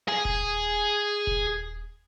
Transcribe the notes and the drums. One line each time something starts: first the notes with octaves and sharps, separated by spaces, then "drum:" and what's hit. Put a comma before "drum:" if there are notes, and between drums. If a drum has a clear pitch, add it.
G#4 G#5
drum: kick D#1
drum: kick D#1